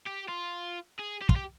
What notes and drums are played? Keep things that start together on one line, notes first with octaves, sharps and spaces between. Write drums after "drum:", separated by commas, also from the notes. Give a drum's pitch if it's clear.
G4
F4
G#4
G4
F4, drum: kick
G4